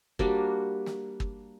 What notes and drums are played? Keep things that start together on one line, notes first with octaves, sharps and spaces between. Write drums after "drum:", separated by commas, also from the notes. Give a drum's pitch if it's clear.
G3 A#3 D4 F#4, drum: kick
drum: snare
drum: kick